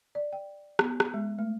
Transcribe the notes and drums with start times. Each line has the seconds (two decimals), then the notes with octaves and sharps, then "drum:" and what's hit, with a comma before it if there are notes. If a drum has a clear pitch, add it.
0.15 D5
0.33 G5
0.79 B3, drum: rim click
1.00 drum: rim click
1.14 G#3
1.39 A3